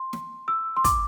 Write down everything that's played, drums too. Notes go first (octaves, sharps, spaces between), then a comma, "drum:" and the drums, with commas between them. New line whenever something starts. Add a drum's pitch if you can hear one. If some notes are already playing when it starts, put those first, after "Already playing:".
Already playing: C6
drum: snare
E6
C6
D6, drum: kick, hi-hat